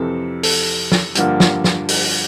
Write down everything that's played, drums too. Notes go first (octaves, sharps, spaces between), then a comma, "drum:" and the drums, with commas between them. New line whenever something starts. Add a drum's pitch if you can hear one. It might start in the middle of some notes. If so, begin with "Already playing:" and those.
Already playing: F2 C3 E3 A4
A4, drum: open hi-hat
drum: snare
G2 D3 F3 A#3, drum: hi-hat
drum: snare
drum: snare
drum: open hi-hat